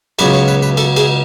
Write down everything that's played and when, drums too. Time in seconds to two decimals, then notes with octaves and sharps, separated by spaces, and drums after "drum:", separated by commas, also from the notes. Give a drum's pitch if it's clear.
0.19 C#2 C#3 F#3 B3 B4, drum: cymbal
0.33 C#5
0.48 B4
0.62 B4
0.77 A4, drum: cymbal
0.96 G#4, drum: cymbal